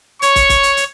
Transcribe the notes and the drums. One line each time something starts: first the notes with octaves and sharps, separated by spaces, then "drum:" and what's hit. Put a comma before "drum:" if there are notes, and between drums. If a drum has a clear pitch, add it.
C#5 C#6, drum: hi-hat
drum: kick, hi-hat
drum: kick, hi-hat
drum: hi-hat
drum: hi-hat